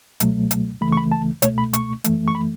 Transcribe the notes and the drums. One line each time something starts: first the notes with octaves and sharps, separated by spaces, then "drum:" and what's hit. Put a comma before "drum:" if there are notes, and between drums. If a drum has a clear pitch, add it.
C#2 B2 F#3 A3, drum: hi-hat
drum: hi-hat
C#2 C#3 E3 A3 B5
C#6
B5
A5
C#2 B2 A3 C#5, drum: hi-hat
B5
C#6, drum: hi-hat
F#2 E3 A3, drum: hi-hat
C#6
B5